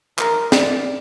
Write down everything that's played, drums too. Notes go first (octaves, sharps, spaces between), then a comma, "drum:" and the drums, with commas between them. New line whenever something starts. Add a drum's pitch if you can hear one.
A#4, drum: clap
D5, drum: snare